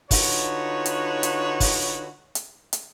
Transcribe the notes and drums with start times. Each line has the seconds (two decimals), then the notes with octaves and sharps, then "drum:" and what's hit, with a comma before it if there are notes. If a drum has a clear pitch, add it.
0.11 D3 D#4 F4 F#4 B4 C#5, drum: kick, open hi-hat
0.86 drum: hi-hat
1.23 drum: hi-hat
1.60 drum: kick, open hi-hat
2.35 drum: hi-hat
2.73 drum: hi-hat